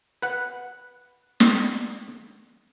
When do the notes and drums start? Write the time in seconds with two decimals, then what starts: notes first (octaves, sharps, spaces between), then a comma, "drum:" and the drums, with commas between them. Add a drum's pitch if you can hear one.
0.22 B4 F#5
1.40 drum: snare